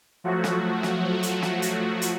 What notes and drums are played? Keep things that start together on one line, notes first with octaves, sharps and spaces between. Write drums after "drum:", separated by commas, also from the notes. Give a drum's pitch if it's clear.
F3 F#3 A3 F#4
drum: snare
drum: snare
drum: hi-hat
drum: snare
drum: hi-hat
drum: hi-hat